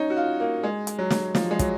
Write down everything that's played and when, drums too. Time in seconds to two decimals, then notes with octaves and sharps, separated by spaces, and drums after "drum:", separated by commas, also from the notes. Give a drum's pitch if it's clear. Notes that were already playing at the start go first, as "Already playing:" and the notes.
Already playing: C#4 D#4
0.10 F#4
0.17 F4
0.40 A#3
0.63 G#3
0.87 drum: hi-hat
0.98 F#3
1.10 drum: snare
1.35 F3, drum: snare
1.51 G#3
1.59 F#3, drum: kick, hi-hat